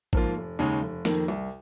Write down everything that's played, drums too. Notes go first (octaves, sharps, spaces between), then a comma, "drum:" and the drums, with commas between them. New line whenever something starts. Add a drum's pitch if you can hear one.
G#2 F3 A#3 F4, drum: kick A1
F1
D#2 C#3 G#3 D#4
F1
F2 D#3 A#3, drum: snare
C2